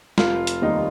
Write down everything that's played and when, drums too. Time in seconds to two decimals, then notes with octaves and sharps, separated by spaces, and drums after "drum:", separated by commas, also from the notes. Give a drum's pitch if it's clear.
0.18 F1 F4, drum: snare
0.47 drum: hi-hat
0.62 D#2 D#3 G3 D#4